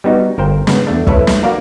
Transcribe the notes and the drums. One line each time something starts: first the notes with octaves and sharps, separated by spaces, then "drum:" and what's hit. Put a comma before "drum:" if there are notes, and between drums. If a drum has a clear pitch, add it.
G3 B3 D#4 F#4
G1 A#4 C5 G5
C#3 B3, drum: snare
E2 A3 D4
E4 A4 B4 C#5 E5, drum: kick
drum: snare
A#3 F#4 A#4 D5 F5 A#5